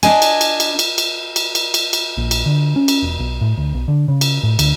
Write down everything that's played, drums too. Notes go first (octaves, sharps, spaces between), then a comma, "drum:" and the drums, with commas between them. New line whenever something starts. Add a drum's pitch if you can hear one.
D4 D#5 G#5, drum: cymbal
drum: cymbal
drum: cymbal
drum: cymbal
drum: cymbal
drum: cymbal
drum: cymbal
drum: cymbal
drum: cymbal
drum: cymbal
A#1
drum: cymbal
D3
C#4
drum: cymbal
E1
B1
A2
D2
B1
D3
C#3
drum: cymbal
A2
D2, drum: cymbal